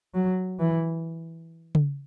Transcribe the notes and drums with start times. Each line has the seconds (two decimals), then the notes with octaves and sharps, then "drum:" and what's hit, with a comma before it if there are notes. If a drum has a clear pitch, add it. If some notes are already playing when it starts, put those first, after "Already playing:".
0.14 F#3
0.59 E3
1.75 drum: tom C#3